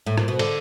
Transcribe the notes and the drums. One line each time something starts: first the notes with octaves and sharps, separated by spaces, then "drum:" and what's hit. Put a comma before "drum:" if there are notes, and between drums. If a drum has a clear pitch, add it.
A2
A#2, drum: rim click
B2
D3, drum: cymbal